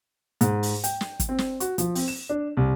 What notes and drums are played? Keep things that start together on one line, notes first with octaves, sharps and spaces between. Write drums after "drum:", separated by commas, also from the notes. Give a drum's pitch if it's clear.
G#2, drum: hi-hat
drum: open hi-hat
G5, drum: hi-hat
drum: snare
drum: kick, hi-hat
C4
drum: snare
F#4, drum: hi-hat
F3, drum: hi-hat
C4, drum: open hi-hat
E7
D4
C2